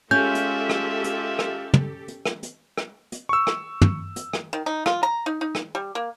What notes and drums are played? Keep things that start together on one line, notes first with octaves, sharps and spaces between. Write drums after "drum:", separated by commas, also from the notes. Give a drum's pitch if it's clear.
G#3 C#4 F4 G4 A4 E5 G6
drum: hi-hat
drum: rim click
drum: hi-hat
drum: rim click
drum: tom
drum: hi-hat
drum: rim click
drum: hi-hat
drum: rim click
drum: hi-hat
C#6 E6
drum: rim click
drum: tom
drum: hi-hat
drum: rim click
D#3
D#4
F4, drum: rim click
A#5
D#4
D#4
drum: rim click
G3
A#3